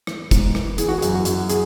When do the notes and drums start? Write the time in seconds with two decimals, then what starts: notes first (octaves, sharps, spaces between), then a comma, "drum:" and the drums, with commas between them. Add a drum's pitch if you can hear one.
0.07 E3, drum: rim click
0.31 G#2, drum: kick, hi-hat
0.55 E3, drum: rim click
0.78 E3 G#4, drum: hi-hat
0.88 F#4
0.98 G#4
1.02 F#2, drum: hi-hat
1.14 F#4
1.25 F#2, drum: hi-hat
1.49 G#4, drum: hi-hat